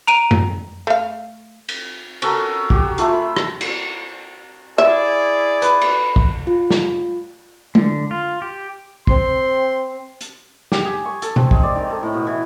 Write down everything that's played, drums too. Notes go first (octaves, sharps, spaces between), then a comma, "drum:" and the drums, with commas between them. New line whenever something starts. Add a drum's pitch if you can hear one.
A#5 D7 D#7
drum: tom F#2
A3 F5
drum: cymbal
C#4 F#4 A4 A#4, drum: cymbal
F#4 G4, drum: kick
A3 F4 G#4, drum: hi-hat
B5
drum: rim click
drum: cymbal
E4 G#4 D5 E5
B4, drum: hi-hat
drum: cymbal
drum: kick
F4
drum: snare
D3, drum: tom G#3
F4
G4
C4 C6, drum: kick
drum: hi-hat
G4, drum: snare
G#4
C#6
A4, drum: hi-hat
C4, drum: tom B2
G#3, drum: kick
D5
D#3
A4
A2
B2
E3